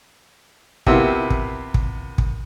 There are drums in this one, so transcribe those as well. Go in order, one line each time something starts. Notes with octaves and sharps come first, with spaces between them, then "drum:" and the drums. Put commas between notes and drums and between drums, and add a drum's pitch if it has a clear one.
C3 A#3 B3 E4 F4, drum: kick
drum: kick
drum: kick
drum: kick